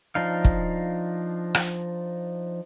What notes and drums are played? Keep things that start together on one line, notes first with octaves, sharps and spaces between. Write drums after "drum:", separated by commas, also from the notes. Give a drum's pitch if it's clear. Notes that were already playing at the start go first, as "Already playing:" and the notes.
F3 D4 D#4 F5
drum: kick
drum: rim click